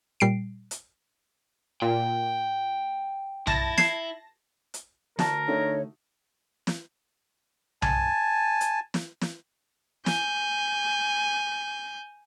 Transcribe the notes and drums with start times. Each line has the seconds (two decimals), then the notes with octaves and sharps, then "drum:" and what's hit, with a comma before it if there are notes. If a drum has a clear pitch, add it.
0.20 A#2 G3 C7 D7
0.71 drum: hi-hat
1.82 A#2 G5
3.47 E4 A5 A#6, drum: tom B1
3.78 G#6 C7 E7, drum: snare
4.74 drum: hi-hat
5.19 D2 F#4 A#4 A5, drum: snare
5.48 D3 A3 D#4 C#5
6.67 drum: snare
7.82 G#5 A5, drum: tom B1
8.61 drum: hi-hat
8.94 drum: snare
9.21 drum: snare
10.06 G#5 G6, drum: snare